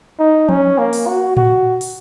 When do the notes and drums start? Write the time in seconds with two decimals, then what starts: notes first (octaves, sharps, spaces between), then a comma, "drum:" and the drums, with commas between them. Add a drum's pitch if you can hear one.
0.19 D#4
0.49 C#4, drum: tom F3
0.78 A#3
0.93 drum: open hi-hat
1.07 F#4
1.37 F#4, drum: tom A2
1.81 drum: open hi-hat